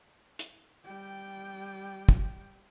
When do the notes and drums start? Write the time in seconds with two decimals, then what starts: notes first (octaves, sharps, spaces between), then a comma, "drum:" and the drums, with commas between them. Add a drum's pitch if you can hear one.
0.39 drum: hi-hat
0.84 G3 G5
2.09 drum: kick